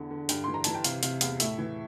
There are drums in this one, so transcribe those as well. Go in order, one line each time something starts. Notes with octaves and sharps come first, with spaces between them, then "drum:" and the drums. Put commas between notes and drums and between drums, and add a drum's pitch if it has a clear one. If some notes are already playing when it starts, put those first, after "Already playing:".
Already playing: E2 D3 E3
D3
G2 G5, drum: hi-hat
E3 C6
A#5
E3 A5, drum: hi-hat
G5
C3 F5, drum: hi-hat
C3 F5, drum: hi-hat
E2 F5, drum: hi-hat
A2 E5, drum: hi-hat
E3